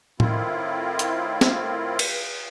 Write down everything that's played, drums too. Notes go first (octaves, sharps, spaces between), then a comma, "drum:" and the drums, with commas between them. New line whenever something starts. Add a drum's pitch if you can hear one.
A2 D#3 C4 E4 F4, drum: tom A2
drum: hi-hat
drum: snare
drum: cymbal